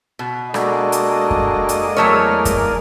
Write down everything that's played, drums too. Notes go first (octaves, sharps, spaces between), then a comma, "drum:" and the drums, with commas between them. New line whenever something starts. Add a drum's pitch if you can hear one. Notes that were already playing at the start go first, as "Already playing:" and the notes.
B2
G#3 A#3 D4 F#4 A4 D5 D#5, drum: rim click
drum: hi-hat
drum: kick F#2
drum: hi-hat
E2 F#3 A3 A#4 C#5 F6
drum: kick F#2, hi-hat